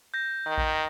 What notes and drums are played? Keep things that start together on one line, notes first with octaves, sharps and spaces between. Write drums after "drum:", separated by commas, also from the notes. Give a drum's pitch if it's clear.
G6 A#6
D#3
drum: kick A1